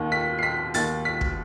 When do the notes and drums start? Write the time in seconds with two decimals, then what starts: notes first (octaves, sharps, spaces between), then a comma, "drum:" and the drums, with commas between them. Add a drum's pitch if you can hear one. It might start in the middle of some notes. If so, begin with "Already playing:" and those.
Already playing: D#2 D#3
0.12 B6
0.39 C7
0.43 B6
0.74 D#2 D#3 A6, drum: hi-hat
1.05 B6
1.21 drum: kick